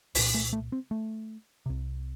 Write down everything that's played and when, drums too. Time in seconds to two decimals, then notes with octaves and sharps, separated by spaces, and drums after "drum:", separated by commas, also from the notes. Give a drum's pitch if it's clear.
0.15 C2 A#2, drum: open hi-hat
0.34 A3
0.53 A3
0.72 C4
0.91 A3
1.66 C2 C3